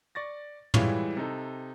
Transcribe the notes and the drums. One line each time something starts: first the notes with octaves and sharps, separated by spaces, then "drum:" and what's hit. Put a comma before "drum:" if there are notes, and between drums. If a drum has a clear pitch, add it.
D5 C#6 A6 A#6
E3 G3 G#3 E4 F4 C#5, drum: tom
C3 D#4 A4